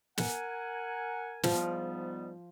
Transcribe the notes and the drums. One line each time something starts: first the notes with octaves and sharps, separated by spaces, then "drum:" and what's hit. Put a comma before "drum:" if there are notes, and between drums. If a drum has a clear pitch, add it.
A#4 F#5 G#5, drum: snare
G#2 F3 G3 B3, drum: snare